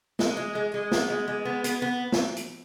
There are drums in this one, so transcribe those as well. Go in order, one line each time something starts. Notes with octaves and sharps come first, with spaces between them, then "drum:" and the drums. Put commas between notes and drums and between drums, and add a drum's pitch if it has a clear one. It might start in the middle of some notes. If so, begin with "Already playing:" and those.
G#3, drum: snare
G#3
G#3
G#3
B3, drum: snare
G#3
G#3
B3
B3, drum: hi-hat
B3
drum: snare
drum: hi-hat